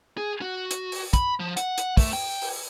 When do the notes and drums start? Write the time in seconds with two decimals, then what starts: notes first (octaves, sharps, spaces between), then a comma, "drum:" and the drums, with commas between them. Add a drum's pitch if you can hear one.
0.18 G#4
0.42 F#4
0.71 drum: hi-hat
0.92 drum: open hi-hat
1.13 B5, drum: kick, hi-hat
1.40 F3
1.57 F#5, drum: hi-hat
1.78 drum: hi-hat
1.97 A3, drum: kick, open hi-hat
2.13 G5
2.42 drum: open hi-hat